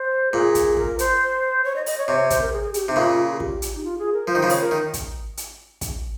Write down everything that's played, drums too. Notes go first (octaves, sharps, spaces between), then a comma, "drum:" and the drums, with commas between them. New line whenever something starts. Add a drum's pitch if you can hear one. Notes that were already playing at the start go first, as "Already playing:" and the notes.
Already playing: C5
A#2 G#4
drum: kick, hi-hat
A#4, drum: kick
C5, drum: hi-hat
C#5
D#5
D#5, drum: open hi-hat
C#5
C3 C#5
C#5
C5, drum: kick, hi-hat
A#4
G#4
G#4
G4, drum: hi-hat
C3 D#4
A#2 C#3 F4
F4
F4
G#4
G4, drum: kick
drum: hi-hat
D#4
F4
G#4
A#4
F3 C5
D#3
C#3 F3
C#5, drum: open hi-hat
A#4
D#3
drum: kick, hi-hat
drum: hi-hat
drum: kick, hi-hat